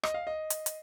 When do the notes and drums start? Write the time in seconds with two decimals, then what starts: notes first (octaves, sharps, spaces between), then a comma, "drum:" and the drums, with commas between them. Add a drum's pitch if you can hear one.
0.03 D#5, drum: rim click
0.14 F5
0.27 D#5
0.50 drum: hi-hat
0.66 drum: hi-hat